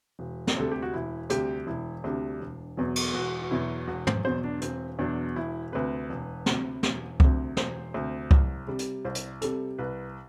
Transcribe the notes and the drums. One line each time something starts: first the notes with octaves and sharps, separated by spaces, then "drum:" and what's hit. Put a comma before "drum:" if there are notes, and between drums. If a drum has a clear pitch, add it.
E1
drum: snare
D2 C3 G3 A4
G4
F#4
E1 E4
D2 C3 G3 G4, drum: hi-hat
E1 E4
D2 C3 G3 D4
E1
E2 B2 F#3
drum: cymbal
E1 F#4
F#4
E2 B2 F#3 E4
E1 F#4
C5, drum: tom
E2 B2 F#3 C5
D4
E1 C4, drum: hi-hat
E2 B2 F#3 D4
E1 E4
D2 C3 B4
E1
D2 C3, drum: snare
E1, drum: snare
D2 C3, drum: kick C2
E1 C5, drum: snare
D2 C3
C2, drum: kick C2
C3 G3
drum: hi-hat
C2 C5
drum: hi-hat
C3 G3 A4, drum: hi-hat
C2 B4